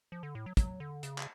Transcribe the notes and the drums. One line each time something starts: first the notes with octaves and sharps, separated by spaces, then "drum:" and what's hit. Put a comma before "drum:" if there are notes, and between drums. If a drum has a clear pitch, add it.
F3
D3
A2
F#3
F#3, drum: kick, hi-hat
D3
C#3, drum: hi-hat
drum: clap